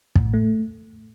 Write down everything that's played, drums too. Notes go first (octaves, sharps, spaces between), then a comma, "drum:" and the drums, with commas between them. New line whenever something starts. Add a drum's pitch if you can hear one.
A2, drum: kick
A3